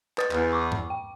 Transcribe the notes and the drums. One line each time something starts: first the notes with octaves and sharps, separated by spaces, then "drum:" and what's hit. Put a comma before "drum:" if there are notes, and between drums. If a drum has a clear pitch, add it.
B4 D#6 A6, drum: clap
E2, drum: clap
C#6 D6
drum: tom G2
G5